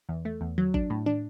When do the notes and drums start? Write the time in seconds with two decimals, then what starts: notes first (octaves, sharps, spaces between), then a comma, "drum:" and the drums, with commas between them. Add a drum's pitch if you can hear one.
0.09 E2
0.25 A3
0.41 E2
0.58 F#3, drum: tom D3
0.74 D4, drum: kick
0.90 A2
1.06 D4, drum: tom